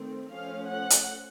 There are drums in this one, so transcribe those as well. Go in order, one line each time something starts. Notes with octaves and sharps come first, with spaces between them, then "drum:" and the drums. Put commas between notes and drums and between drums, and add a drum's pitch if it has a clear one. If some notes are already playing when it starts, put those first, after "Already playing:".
Already playing: D#3 A3 C4
F3 A3 C#4 F5
F#5
drum: hi-hat